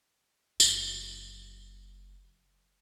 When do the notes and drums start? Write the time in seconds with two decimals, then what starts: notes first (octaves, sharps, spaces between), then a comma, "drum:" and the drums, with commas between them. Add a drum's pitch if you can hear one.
0.60 F#1 F#3, drum: tambourine